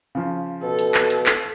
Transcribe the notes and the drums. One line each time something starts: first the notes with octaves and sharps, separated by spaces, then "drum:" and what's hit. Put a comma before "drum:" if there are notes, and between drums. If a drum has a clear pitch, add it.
C#3 F3
B2 A4
drum: hi-hat
drum: clap
drum: hi-hat
drum: clap